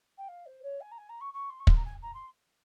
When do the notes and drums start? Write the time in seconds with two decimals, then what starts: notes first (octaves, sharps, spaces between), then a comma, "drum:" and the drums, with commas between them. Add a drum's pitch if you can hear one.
0.17 G5
0.28 F5
0.46 C5
0.63 C#5
0.80 G#5
0.91 A#5
0.98 G#5
1.09 A#5
1.20 C#6
1.33 C#6
1.50 C6
1.59 C#6
1.67 C6, drum: kick
1.76 A#5
1.85 G#5
2.02 A#5
2.14 C6